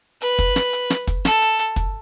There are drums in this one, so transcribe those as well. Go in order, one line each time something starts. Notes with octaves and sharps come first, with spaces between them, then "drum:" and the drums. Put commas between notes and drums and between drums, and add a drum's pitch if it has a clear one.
B4, drum: hi-hat
drum: kick, hi-hat
drum: snare
drum: hi-hat
drum: snare
drum: kick, hi-hat
A4, drum: snare
drum: hi-hat
drum: hi-hat
drum: kick, hi-hat